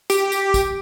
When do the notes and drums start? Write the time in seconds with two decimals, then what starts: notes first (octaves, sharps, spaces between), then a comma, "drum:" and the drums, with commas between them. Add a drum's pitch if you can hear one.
0.10 G4, drum: tambourine
0.32 drum: tambourine
0.54 drum: kick, tambourine